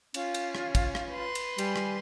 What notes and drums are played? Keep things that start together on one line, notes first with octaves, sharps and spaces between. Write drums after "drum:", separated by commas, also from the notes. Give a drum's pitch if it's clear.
C#4 F4 F5, drum: cymbal
drum: cymbal
drum: rim click
drum: kick, cymbal
drum: rim click
B4 C6
drum: cymbal
G3 G#5, drum: cymbal
drum: rim click